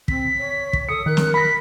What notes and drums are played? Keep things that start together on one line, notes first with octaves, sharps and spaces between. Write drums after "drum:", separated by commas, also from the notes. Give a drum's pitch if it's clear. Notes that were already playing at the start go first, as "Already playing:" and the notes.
C4 B6, drum: kick
C#5
drum: kick
A4 D#6 C#7
D#3 A#4 F#6
drum: snare
B5 A#6 B6